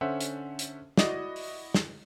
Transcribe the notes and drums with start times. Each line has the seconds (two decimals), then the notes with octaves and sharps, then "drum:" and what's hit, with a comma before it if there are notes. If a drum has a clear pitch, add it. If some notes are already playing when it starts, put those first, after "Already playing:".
0.01 D3 C#4 A4 C5 E5 F#5
0.21 drum: hi-hat
0.59 drum: hi-hat
0.97 E4 F#4 D5 D#5, drum: snare
1.36 drum: open hi-hat
1.74 drum: snare